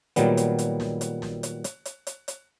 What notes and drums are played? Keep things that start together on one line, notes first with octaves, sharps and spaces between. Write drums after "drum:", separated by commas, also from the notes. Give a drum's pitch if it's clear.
A#2 D#3 F#3 G3 B3, drum: hi-hat
drum: hi-hat
drum: hi-hat
drum: snare
drum: hi-hat
drum: snare
drum: hi-hat
drum: hi-hat
drum: hi-hat
drum: hi-hat
drum: hi-hat